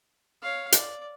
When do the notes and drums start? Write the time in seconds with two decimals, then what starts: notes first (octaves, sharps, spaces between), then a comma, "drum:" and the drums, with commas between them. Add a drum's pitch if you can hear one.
0.42 C#5 F5
0.72 D5, drum: hi-hat